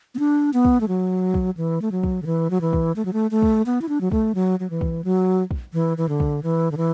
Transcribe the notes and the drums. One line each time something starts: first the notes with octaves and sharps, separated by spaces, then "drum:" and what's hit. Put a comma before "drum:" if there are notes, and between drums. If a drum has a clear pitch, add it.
B3
D4
B3
drum: kick
A3
F#3
drum: kick
E3
A3
F#3
drum: kick
D3
E3
F#3
E3
drum: kick
A3
F#3
A3
A3
drum: kick
B3
E4
D4
F#3
A3, drum: kick
F#3
F#3
E3
drum: kick
F#3
drum: kick
E3
E3
D3
drum: kick
E3
D3
E3